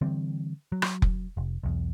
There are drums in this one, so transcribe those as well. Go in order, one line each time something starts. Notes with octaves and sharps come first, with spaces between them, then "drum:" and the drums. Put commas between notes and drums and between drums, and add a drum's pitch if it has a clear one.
D3 E3 G3 C4
F#3
drum: rim click
drum: kick F1
F1
B1 E2